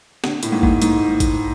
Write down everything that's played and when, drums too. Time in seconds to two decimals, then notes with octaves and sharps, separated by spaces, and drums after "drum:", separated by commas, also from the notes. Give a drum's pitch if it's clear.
0.24 D3, drum: snare
0.43 A2, drum: hi-hat
0.52 G#2
0.63 G#2, drum: kick G#1
0.82 G#2, drum: hi-hat
1.20 drum: kick G#1, hi-hat